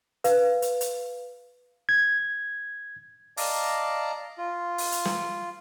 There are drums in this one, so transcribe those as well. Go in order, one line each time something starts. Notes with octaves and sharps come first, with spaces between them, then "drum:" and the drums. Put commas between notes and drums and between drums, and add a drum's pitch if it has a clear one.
B4 F5, drum: hi-hat
drum: hi-hat
drum: hi-hat
G#6
D5 D#5 F5 A5 A#5 D6, drum: open hi-hat
F4
drum: open hi-hat
drum: hi-hat
drum: snare